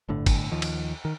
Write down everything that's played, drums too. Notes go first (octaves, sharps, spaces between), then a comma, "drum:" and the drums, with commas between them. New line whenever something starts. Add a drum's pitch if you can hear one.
G1 A2 D3
drum: kick G1, cymbal
D#2 D#3 F3
drum: cymbal
D#3